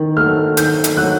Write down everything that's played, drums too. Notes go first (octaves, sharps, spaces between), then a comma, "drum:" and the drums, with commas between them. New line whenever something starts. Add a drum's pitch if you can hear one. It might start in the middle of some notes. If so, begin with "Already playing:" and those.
Already playing: D#3
F#3 A3 F6
D#3 G6, drum: hi-hat
drum: hi-hat
F#3 A3 F#6